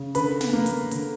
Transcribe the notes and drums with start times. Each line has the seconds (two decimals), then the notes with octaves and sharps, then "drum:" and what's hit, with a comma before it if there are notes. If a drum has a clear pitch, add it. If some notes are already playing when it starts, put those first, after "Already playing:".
Already playing: C#3
0.15 D3 B4 B5, drum: hi-hat
0.41 drum: snare
0.53 A#3
0.66 drum: hi-hat
0.91 D3, drum: hi-hat